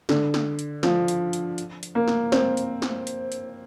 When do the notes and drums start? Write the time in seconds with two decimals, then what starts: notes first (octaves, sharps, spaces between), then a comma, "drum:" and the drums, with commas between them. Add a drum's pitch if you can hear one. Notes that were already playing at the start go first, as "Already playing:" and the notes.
0.09 D3, drum: snare
0.34 drum: snare
0.59 drum: hi-hat
0.83 F3, drum: snare
1.08 drum: hi-hat
1.33 drum: hi-hat
1.58 drum: hi-hat
1.83 drum: hi-hat
1.95 A#3
2.08 drum: snare
2.32 C4, drum: snare
2.57 drum: hi-hat
2.82 drum: snare
3.07 drum: hi-hat
3.32 drum: hi-hat